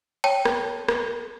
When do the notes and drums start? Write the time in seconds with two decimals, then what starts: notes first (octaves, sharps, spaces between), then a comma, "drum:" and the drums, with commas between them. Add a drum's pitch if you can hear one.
0.24 C#5 G5 A5
0.45 drum: rim click
0.88 drum: rim click